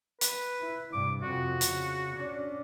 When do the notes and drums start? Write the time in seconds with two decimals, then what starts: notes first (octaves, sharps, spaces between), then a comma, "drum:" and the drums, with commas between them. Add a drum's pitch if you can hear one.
0.21 B4, drum: hi-hat
0.60 E4
0.93 G2 C3 D6
1.23 F2 C3 F#4
1.61 C#3, drum: hi-hat
2.17 C#4 D4